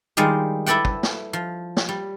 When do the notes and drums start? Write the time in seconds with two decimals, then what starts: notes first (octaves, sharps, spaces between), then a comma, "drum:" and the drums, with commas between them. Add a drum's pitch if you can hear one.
0.17 D#3 G3 G#3 F4 G4
0.66 E4 A4 B4 D5 F#5 G5
0.85 drum: kick
1.03 drum: snare
1.33 F3
1.77 drum: snare
1.89 G3